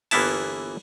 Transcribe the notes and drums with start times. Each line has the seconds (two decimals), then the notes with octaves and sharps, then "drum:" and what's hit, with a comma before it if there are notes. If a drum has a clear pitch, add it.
0.11 G1 E3 A#3 B3 E4 A5, drum: cymbal